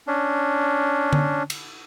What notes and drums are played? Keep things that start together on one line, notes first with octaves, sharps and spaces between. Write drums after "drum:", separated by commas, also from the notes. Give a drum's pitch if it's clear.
C#4 D4
drum: tom D3
drum: cymbal